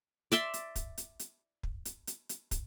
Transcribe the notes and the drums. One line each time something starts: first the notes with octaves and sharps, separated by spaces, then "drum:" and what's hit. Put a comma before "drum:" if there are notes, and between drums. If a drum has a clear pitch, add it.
D5 E5 C6, drum: hi-hat
drum: hi-hat
drum: kick, hi-hat
drum: hi-hat
drum: hi-hat
drum: kick
drum: hi-hat
drum: hi-hat
drum: hi-hat
drum: kick, hi-hat